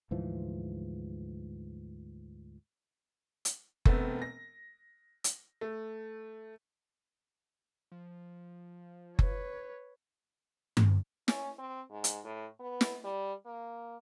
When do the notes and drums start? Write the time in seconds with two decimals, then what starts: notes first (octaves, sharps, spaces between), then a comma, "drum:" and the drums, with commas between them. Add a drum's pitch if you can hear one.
0.11 D2 G#2 E3 F3
3.45 drum: hi-hat
3.85 E1 A3 B3 C4, drum: kick F#1
4.22 A#6
5.24 drum: hi-hat
5.61 A3
7.92 F3
9.19 B4 C#5, drum: kick F#1
10.77 drum: tom G2
11.28 C#4, drum: snare
11.58 C4
11.90 G#2
12.04 drum: hi-hat
12.24 A2
12.60 B3
12.81 drum: snare
13.04 G3
13.46 A#3